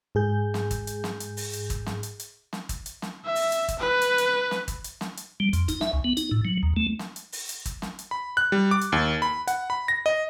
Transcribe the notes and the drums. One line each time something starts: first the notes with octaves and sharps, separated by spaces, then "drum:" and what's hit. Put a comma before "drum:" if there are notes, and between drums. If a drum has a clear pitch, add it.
G#2 G#4 G6
drum: snare
drum: kick, hi-hat
drum: hi-hat
drum: snare
drum: hi-hat
drum: open hi-hat
drum: hi-hat
drum: kick, hi-hat
drum: snare
drum: hi-hat
drum: hi-hat
drum: snare
drum: kick, hi-hat
drum: hi-hat
drum: snare
E5
drum: open hi-hat
drum: hi-hat
drum: kick, hi-hat
B4
drum: hi-hat
drum: hi-hat
drum: snare
drum: kick, hi-hat
drum: hi-hat
drum: snare
drum: hi-hat
G3
F2, drum: hi-hat
D#4, drum: kick, hi-hat
E5, drum: snare
C#2
B3
D#4, drum: hi-hat
A2
F#3
D#2
A3
drum: snare
drum: hi-hat
drum: open hi-hat
drum: hi-hat
drum: kick, hi-hat
drum: snare
drum: hi-hat
B5
F#6
G3
D6
drum: hi-hat
D#2
B5
F#5, drum: hi-hat
B5
A#6
D#5